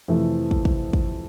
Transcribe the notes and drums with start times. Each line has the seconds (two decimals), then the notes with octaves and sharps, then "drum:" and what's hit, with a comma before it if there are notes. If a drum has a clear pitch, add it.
0.08 F2 C3 E3 A3
0.51 drum: kick
0.65 drum: kick
0.93 drum: kick